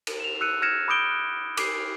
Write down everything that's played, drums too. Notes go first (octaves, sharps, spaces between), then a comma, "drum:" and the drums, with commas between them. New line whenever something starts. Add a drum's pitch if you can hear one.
drum: cymbal
E7 F7
E6 F#6 C#7 D#7
F6 G#6 A#6 C#7 E7
B5 D6 D#6 G6 D7 G7
F#6
D6 C7, drum: cymbal